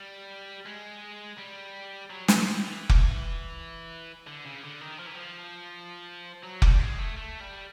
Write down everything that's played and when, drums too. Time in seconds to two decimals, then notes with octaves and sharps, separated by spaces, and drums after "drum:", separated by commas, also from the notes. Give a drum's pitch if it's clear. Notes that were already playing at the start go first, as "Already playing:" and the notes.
Already playing: G3
0.65 G#3
1.38 G3
2.10 F#3
2.28 F#3, drum: snare
2.46 F3
2.64 E3
2.89 drum: kick F1
4.27 D3
4.45 C#3
4.64 D3
4.81 D#3
4.99 F3
5.07 E3
5.15 F3
6.44 F#3
6.62 G3, drum: kick F1
6.80 G#3
6.99 A3
7.17 A3
7.40 G3